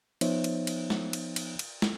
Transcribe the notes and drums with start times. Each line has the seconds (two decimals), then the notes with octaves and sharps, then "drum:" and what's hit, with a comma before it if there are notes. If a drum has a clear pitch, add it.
0.21 F3 B3 D#4 C5 C#5 E5, drum: cymbal
0.44 drum: cymbal
0.67 drum: cymbal
0.90 drum: snare
1.13 drum: cymbal
1.36 drum: cymbal
1.59 drum: cymbal
1.82 drum: snare